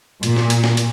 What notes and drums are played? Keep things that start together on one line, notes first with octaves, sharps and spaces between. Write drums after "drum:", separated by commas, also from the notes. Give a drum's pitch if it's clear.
A#2, drum: hi-hat
drum: snare
drum: hi-hat
drum: snare
drum: hi-hat